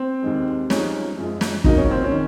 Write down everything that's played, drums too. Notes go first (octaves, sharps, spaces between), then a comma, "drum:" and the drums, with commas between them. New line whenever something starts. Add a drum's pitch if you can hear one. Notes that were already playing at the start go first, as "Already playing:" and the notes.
Already playing: C4
D#2 D#3 G#3
F3 G#3 C#4 D#4, drum: snare
F#2 F3 G#3
drum: snare
C#3 F#3 A#3 D#4 F4 A#4, drum: kick
C#4
C4
C#4
D#3